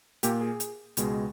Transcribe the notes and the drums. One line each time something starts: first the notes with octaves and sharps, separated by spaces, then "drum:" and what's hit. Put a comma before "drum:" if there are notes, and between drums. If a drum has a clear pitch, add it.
A#2 A#3 G4, drum: hi-hat
G#4
drum: hi-hat
C#2 B2 G#3, drum: hi-hat